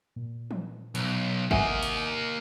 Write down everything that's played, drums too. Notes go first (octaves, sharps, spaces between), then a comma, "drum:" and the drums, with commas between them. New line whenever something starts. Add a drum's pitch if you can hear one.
A#2
drum: tom
B1, drum: hi-hat
A2 C3 A#3 D#5 E5 F#5 G#5, drum: kick G#1
drum: hi-hat